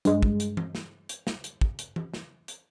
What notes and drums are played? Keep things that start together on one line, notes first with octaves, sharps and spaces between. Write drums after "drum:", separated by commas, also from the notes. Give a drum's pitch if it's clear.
G2 G#3, drum: hi-hat
drum: kick
drum: hi-hat
drum: tom E3
drum: snare
drum: hi-hat
drum: snare
drum: hi-hat
drum: kick
drum: hi-hat
drum: tom E3
drum: snare
drum: hi-hat